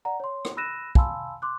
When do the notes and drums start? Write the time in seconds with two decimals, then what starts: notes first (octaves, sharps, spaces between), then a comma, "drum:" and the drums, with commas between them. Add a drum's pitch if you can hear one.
0.05 D5 F#5 A#5
0.20 C#5 C6
0.45 drum: rim click
0.57 B5 E6 F#6 A#6 D#7 E7
0.95 F5 G#5 A5 B5 C6 E6, drum: kick
1.42 C6 D6 F#6